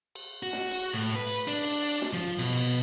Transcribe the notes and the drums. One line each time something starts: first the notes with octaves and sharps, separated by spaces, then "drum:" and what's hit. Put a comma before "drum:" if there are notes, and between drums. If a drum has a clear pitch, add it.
drum: cymbal
F#4
drum: snare
drum: cymbal
A2
B4
drum: cymbal
D4, drum: cymbal
drum: cymbal
drum: cymbal
drum: snare
F3
B2, drum: cymbal
drum: cymbal